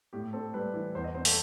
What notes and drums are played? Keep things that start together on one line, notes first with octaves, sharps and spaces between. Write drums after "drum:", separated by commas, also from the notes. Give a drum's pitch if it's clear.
A2 G4
C4 A4
G3 B4
E3
E2 C5
D#5
C4 C5
A4, drum: open hi-hat